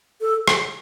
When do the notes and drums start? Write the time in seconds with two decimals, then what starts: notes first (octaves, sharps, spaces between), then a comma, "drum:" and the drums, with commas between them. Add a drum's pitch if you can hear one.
0.21 A4
0.48 drum: rim click